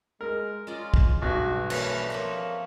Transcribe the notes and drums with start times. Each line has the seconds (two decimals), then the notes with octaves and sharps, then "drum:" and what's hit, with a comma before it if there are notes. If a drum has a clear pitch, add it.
0.21 G#3 A#4
0.67 G#3 C#4 F4 D5
0.94 drum: kick
1.22 B1 G2 F#4
1.70 E3 G3 A3 A#3 C#4 B4, drum: cymbal
2.10 F3 A#3 C4 A#4 C#5